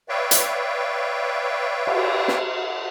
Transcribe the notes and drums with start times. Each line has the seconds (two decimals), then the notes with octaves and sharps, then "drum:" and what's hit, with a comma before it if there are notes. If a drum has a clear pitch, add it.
0.09 B4 C#5 D5 E5 F5 G5
0.31 drum: hi-hat
1.87 drum: cymbal
2.28 drum: snare